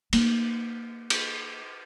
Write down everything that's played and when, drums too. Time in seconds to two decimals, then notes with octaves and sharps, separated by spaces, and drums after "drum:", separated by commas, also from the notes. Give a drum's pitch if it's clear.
0.13 A#3 D#4, drum: cymbal
1.10 drum: cymbal